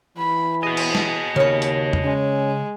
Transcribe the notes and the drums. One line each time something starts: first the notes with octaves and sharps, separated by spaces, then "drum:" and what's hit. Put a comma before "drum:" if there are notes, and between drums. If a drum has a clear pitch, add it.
E3 B5
F#4 G#4 D#5
drum: cymbal
drum: snare
D#2 C#3 C#5
drum: hi-hat
drum: tom E2
G#3 C#4